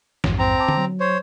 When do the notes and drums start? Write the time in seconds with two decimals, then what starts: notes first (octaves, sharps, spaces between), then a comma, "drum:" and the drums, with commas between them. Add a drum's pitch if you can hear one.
0.24 A#1 F2 G#2, drum: snare
0.39 C4 A#5
0.59 A5 D6
0.68 drum: tom D3
0.78 F#3
1.00 C5 C#5